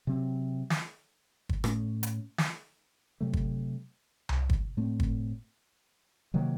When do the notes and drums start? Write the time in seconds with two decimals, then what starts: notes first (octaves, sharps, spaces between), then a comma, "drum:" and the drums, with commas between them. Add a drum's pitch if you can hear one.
0.07 C3 F#3 C4
0.70 drum: snare
1.49 drum: kick
1.64 A2 A3 C#4, drum: rim click
2.03 drum: hi-hat
2.38 drum: snare
3.21 C3 F#3 A3
3.33 drum: kick
4.29 drum: tom C2
4.50 drum: kick
4.77 A2 A3 C4
5.00 drum: kick
6.34 C3 D#3 F#3 A#3